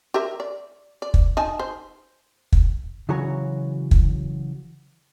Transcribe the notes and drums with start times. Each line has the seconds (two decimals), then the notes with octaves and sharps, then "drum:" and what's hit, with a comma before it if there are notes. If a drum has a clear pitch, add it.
0.14 G4 A#4 E5
0.40 D5
1.02 D5
1.14 drum: kick
1.37 D#4 G#5 A5
1.59 C5
2.53 drum: kick
3.09 C#3 E3 F#3 F#4 C#5 A#5
3.91 drum: kick